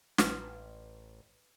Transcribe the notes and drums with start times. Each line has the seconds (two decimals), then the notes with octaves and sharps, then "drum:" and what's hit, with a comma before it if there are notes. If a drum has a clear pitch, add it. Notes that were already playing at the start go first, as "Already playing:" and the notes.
0.18 A1 B4 C6, drum: snare